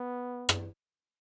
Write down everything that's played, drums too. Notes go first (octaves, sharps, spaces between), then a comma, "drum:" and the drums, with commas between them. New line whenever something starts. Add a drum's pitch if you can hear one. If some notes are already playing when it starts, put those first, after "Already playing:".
Already playing: B3
drum: rim click